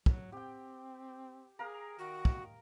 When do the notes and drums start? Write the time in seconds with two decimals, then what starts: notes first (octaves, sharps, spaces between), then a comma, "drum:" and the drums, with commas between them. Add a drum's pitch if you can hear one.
0.06 F#3, drum: kick
0.32 C4 G4 G5
1.59 G#4 A#4 F5 A#5
1.99 D#3 F#4
2.25 drum: kick